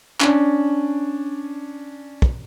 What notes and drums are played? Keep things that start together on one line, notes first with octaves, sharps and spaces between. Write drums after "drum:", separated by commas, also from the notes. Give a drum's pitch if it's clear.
C#4 D4, drum: clap
drum: kick